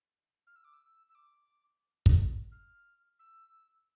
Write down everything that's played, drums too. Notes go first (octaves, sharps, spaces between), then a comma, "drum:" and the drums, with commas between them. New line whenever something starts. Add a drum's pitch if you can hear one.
F6
E6
D6
E6
E6
D6
drum: kick
F6
E6